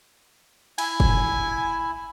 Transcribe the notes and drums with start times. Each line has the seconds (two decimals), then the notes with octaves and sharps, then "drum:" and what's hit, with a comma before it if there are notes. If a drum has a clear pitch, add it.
0.78 E4 G#5, drum: cymbal
1.00 drum: kick